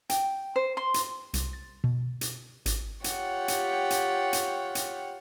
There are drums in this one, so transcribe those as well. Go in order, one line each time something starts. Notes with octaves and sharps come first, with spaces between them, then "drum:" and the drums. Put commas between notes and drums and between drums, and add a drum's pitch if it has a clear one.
G5, drum: hi-hat
C5
C6
drum: hi-hat
C2, drum: hi-hat
A6
B2
drum: hi-hat
G#1, drum: hi-hat
F4 G4 C#5 F#5 G5, drum: hi-hat
drum: hi-hat
drum: hi-hat
drum: hi-hat
drum: hi-hat